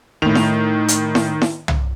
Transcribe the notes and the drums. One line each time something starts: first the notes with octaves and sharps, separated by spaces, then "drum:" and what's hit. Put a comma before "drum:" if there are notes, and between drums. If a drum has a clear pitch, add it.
A2 D#3 F7
drum: snare E4
drum: hi-hat
drum: snare E4
drum: snare E4
drum: tom